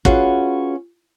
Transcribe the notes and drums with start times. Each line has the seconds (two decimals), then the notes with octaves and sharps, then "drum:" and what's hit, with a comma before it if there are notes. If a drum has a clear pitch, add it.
0.05 C#4 F4 F#4 G#4 B4, drum: kick